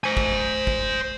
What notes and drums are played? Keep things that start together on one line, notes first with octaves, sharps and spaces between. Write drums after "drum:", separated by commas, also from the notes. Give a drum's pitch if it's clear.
C5 G#5
drum: kick
drum: kick